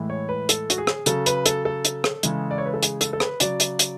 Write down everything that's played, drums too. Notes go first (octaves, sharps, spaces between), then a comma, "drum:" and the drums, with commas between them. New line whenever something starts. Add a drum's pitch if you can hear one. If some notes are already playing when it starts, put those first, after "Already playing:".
Already playing: A2 E3 G#3
C#5
B4
A4, drum: hi-hat
F#4, drum: hi-hat
G#4
drum: rim click
C#3 F#3 A4, drum: hi-hat
B4, drum: hi-hat
A4, drum: hi-hat
A4
drum: hi-hat
drum: rim click
C#3 E3 G#3, drum: hi-hat
D5
C#5
B4
A4
G#4, drum: hi-hat
A4, drum: hi-hat
A4
B4, drum: rim click
C#3 F#3 D5, drum: hi-hat
drum: hi-hat
drum: hi-hat